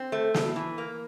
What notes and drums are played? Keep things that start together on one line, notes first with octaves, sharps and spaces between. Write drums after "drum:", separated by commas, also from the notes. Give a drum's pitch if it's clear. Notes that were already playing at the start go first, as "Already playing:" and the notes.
Already playing: C4
A3
A2, drum: snare
E3
A#3